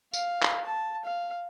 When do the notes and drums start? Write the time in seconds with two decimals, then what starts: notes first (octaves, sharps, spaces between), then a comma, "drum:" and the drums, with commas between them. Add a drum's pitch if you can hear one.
0.13 F5, drum: tambourine
0.42 drum: clap
0.65 A5
1.05 F5